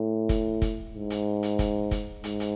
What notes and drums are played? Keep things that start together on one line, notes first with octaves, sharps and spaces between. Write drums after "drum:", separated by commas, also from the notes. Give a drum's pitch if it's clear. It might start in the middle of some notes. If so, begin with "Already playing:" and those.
Already playing: A2
drum: kick, hi-hat
drum: kick, hi-hat
G#2
drum: hi-hat
drum: hi-hat
drum: kick, hi-hat
drum: kick, hi-hat
G#2, drum: hi-hat
drum: hi-hat